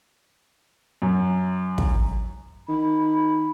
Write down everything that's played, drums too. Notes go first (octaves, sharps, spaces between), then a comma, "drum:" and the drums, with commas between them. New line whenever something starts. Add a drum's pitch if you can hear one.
F#2
drum: kick
D#3 B5